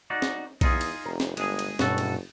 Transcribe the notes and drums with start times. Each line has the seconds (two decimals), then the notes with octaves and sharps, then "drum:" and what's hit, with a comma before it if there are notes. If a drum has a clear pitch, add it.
0.10 D#4 F#4 D5
0.22 drum: snare
0.61 E2 D#4 F4 G#4, drum: kick B1, cymbal
0.81 drum: cymbal
1.06 F1 A#4
1.20 drum: snare
1.37 G1 G#3 G#4, drum: cymbal
1.59 drum: cymbal
1.79 F#1 G2 B2 F#4 A4 C#5, drum: snare
1.98 drum: cymbal